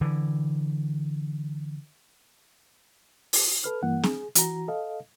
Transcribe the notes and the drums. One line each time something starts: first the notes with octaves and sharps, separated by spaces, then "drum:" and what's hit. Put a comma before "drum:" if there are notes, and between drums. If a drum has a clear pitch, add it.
D3 E3
drum: open hi-hat
A4 B4 F6
G2 E3 A#3 F#5
G#4, drum: snare C4
E3 F#4 A#5, drum: hi-hat
A4 D#5 F5